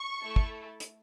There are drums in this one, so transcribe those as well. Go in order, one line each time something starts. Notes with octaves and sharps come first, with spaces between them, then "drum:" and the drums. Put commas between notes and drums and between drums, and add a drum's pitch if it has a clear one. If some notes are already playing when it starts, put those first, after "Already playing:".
Already playing: C#6
A3 E4 A4
drum: kick
drum: hi-hat